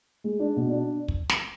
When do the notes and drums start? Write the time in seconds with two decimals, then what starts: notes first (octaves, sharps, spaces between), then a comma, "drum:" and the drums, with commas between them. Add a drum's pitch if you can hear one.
0.24 G#3
0.39 D4
0.56 B2
0.71 D4
1.08 drum: kick
1.29 drum: snare